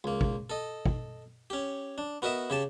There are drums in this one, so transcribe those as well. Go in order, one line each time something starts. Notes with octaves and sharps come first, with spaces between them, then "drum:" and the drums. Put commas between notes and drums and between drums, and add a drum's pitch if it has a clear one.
C#2 A#3
drum: kick
A4 D#5
drum: kick
C#4 G4
D4
B3 F#4 A#4 D#5 E5
C#3 G4 A5